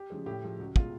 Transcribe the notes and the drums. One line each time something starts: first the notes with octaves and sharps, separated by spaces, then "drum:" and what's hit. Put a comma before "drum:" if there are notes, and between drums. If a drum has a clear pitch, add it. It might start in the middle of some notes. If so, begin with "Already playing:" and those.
Already playing: G4
C#3 F3 G#3
A2 G4
F3 G#3
C#2 F#4
B2 G#3 F4, drum: kick